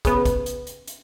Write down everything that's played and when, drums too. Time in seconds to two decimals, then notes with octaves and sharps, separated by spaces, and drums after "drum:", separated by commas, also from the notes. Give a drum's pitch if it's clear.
0.05 C#3 B3, drum: kick, hi-hat
0.25 drum: kick, hi-hat
0.46 drum: hi-hat
0.67 drum: hi-hat
0.88 drum: hi-hat